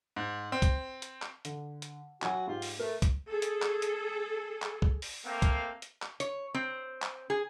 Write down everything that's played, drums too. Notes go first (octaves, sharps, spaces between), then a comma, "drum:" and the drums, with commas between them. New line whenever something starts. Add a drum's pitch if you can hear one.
G#2
C4
drum: kick, hi-hat
drum: hi-hat
drum: clap
D3, drum: hi-hat
drum: hi-hat
F#3 F#4 G#5, drum: clap
G#2 F4 G4
drum: open hi-hat
A3 A#4
drum: kick, hi-hat
G#4 A4
drum: hi-hat
drum: clap
drum: hi-hat
drum: clap
drum: kick
drum: open hi-hat
A3 A#3 C4 F5
drum: kick, hi-hat
drum: hi-hat
drum: clap
C#5, drum: hi-hat
C4
drum: clap
G#4